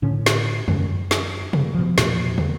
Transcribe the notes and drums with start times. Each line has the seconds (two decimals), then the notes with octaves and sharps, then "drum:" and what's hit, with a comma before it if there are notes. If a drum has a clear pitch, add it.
0.02 A2 D3 C#4
0.26 drum: snare
0.68 F#2 G#3, drum: tom
1.11 drum: snare
1.53 drum: tom
1.74 B2 F3
1.98 E2 A#2 F3 A3, drum: snare
2.38 drum: tom